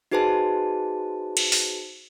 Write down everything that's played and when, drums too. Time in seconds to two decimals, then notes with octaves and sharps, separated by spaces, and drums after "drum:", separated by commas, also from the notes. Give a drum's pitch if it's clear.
0.11 D#4 F#4 G#4 B4 C5 A5
1.37 drum: cymbal
1.52 drum: open hi-hat